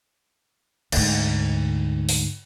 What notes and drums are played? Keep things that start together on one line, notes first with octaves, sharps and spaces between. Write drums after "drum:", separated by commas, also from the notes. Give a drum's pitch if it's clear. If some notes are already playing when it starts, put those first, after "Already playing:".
D2 G#2, drum: cymbal
drum: open hi-hat